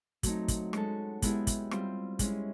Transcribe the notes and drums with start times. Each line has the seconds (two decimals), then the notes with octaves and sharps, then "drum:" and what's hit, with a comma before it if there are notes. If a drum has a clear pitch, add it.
0.23 F#3 A3 C4 D#4, drum: kick, hi-hat
0.48 drum: kick, hi-hat
0.73 G#3 C#4 F#4 A4, drum: rim click
1.22 G#3 B3 E4 G4, drum: kick, hi-hat
1.47 drum: kick, hi-hat
1.71 G3 C4 F4, drum: rim click
2.19 G#3 C#4 E4, drum: kick, hi-hat